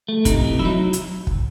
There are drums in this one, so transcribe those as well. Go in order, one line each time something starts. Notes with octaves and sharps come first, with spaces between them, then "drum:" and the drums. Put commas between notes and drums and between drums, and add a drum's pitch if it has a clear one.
A3
C3 D#4, drum: kick, hi-hat
E3
F#3 E4
D#4
drum: hi-hat
drum: kick